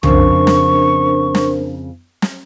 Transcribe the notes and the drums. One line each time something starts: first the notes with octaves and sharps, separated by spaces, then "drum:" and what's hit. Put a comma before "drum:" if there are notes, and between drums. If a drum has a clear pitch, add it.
F2 C#3 D4 A#4 C5 C#6, drum: tom B1
drum: snare
drum: snare
drum: snare